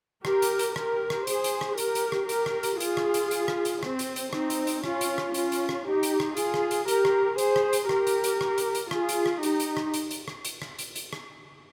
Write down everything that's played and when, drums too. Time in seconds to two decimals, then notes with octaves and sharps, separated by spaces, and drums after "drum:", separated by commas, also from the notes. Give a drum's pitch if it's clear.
0.25 G4 A#4, drum: rim click
0.42 drum: hi-hat
0.59 drum: hi-hat
0.76 G4 A#4, drum: rim click
1.10 drum: rim click
1.27 G#4 C5, drum: hi-hat
1.44 drum: hi-hat
1.61 drum: rim click
1.78 G4 A#4, drum: hi-hat
1.95 drum: hi-hat
2.12 drum: rim click
2.29 G4 A#4, drum: hi-hat
2.46 drum: rim click
2.63 drum: hi-hat
2.80 F4 G#4, drum: hi-hat
2.97 drum: rim click
3.14 drum: hi-hat
3.31 drum: hi-hat
3.48 drum: rim click
3.65 drum: hi-hat
3.83 C4, drum: rim click
3.99 drum: hi-hat
4.16 drum: hi-hat
4.33 C4 D#4, drum: rim click
4.50 drum: hi-hat
4.67 drum: hi-hat
4.84 C#4 F4, drum: rim click
5.01 drum: hi-hat
5.18 drum: rim click
5.34 C#4 F4, drum: hi-hat
5.52 drum: hi-hat
5.69 drum: rim click
5.86 D#4 G4
6.03 drum: hi-hat
6.20 drum: rim click
6.37 F4 G#4, drum: hi-hat
6.54 drum: rim click
6.71 drum: hi-hat
6.88 G4 A#4, drum: hi-hat
7.05 drum: rim click
7.38 G#4 C5, drum: hi-hat
7.56 drum: rim click
7.73 drum: hi-hat
7.89 G4 A#4, drum: rim click
8.07 drum: hi-hat
8.24 drum: hi-hat
8.41 drum: rim click
8.58 drum: hi-hat
8.75 drum: hi-hat
8.91 F4 G#4, drum: rim click
9.09 drum: hi-hat
9.26 drum: rim click
9.43 D#4 G4, drum: hi-hat
9.60 drum: hi-hat
9.77 drum: rim click
9.94 drum: hi-hat
10.11 drum: hi-hat
10.28 drum: rim click
10.45 drum: hi-hat
10.62 drum: rim click
10.79 drum: hi-hat
10.96 drum: hi-hat
11.13 drum: rim click